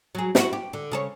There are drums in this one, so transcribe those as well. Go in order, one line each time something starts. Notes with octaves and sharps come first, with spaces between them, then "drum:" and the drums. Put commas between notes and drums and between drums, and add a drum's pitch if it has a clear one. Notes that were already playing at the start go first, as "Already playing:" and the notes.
F#3 G#4
E4 F#4, drum: snare
G4
D3
C#3 A4 C#5